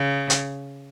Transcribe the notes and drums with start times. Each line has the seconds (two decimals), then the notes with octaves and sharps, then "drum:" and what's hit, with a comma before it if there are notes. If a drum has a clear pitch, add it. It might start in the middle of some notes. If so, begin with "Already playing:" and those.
Already playing: C#3
0.30 drum: hi-hat